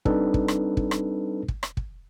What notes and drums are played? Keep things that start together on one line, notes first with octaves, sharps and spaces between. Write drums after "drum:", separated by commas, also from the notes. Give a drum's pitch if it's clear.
G3 C4 D4 D#4 A4 B4, drum: kick
drum: kick
drum: rim click
drum: kick
drum: rim click
drum: kick
drum: rim click
drum: kick